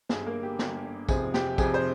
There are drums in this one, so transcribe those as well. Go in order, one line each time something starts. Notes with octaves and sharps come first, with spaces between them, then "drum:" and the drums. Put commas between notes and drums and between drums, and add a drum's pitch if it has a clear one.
G1 G2 D3 G#4, drum: snare
A#3 A#4
G4
G1 G2 D3 G4, drum: snare
F1 F2 C3 F3 C4 G#4, drum: kick, tambourine
G4, drum: snare
F1 F2 C3 F3 C4 G#4, drum: kick, tambourine
C5